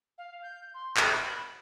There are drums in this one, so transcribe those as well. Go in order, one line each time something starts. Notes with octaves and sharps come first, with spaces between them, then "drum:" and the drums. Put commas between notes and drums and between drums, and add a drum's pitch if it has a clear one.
F5
G6
C6
B5, drum: clap